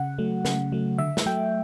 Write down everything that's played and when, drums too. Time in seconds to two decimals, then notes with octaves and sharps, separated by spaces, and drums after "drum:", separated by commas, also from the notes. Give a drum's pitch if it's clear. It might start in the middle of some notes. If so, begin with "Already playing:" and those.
Already playing: C#3 F#5
0.18 F#3 A3
0.45 C#3, drum: snare
0.72 F#3 A3
0.98 D3 E5
1.17 drum: snare
1.26 F#3 A3 G5